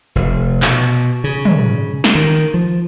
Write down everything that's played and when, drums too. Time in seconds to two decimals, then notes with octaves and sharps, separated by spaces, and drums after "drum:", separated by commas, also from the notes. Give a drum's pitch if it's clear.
0.15 F1
0.62 B2, drum: clap
1.24 C#3
1.45 drum: tom
2.04 drum: snare
2.15 D#3
2.54 F3